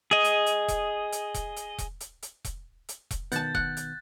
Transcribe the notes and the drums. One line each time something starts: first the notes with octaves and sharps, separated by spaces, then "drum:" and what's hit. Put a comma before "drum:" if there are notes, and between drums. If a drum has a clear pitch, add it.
G#4 D#5
drum: hi-hat
drum: hi-hat
drum: kick E1, hi-hat
drum: hi-hat
drum: kick E1, hi-hat
drum: hi-hat
drum: kick E1, hi-hat
drum: hi-hat
drum: hi-hat
drum: kick E1, hi-hat
drum: hi-hat
drum: kick E1, hi-hat
B2 D#3 B3 F#5 A5 G6 A6, drum: hi-hat
F#5 F#6 G6, drum: kick E1
drum: hi-hat